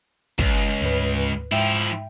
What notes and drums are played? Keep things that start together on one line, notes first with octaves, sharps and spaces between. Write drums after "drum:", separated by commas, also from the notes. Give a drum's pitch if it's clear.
C#2, drum: kick
D2 G#2 B4
G#2 F3 E4 E5 G5